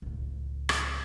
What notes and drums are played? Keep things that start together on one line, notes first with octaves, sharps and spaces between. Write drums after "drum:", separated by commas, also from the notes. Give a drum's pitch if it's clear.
C#2 A2
drum: rim click